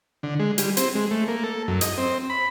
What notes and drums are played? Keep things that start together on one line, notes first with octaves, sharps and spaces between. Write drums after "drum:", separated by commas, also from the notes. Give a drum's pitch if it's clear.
D3
G#3
G3, drum: hi-hat
C4, drum: hi-hat
G#3
A3
A#3
A4
F#2
D#5, drum: hi-hat
C4
B5